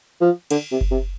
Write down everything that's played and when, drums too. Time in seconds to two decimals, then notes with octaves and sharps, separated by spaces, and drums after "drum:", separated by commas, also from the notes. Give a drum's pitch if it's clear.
0.21 F3
0.51 D3, drum: cymbal
0.71 C3
0.81 drum: kick F#1
0.91 C3